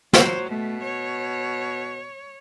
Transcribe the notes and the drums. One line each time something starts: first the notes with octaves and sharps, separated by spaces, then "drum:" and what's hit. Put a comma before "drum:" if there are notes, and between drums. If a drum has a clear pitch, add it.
F#3 C5, drum: snare
B2 A3
C#5